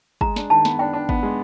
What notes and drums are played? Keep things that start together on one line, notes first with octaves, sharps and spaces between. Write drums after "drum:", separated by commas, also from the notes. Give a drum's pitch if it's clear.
G#3 A#5, drum: kick
D4, drum: snare
D#3 A5
B3, drum: snare
D4 G5
D4
B3, drum: kick
G#3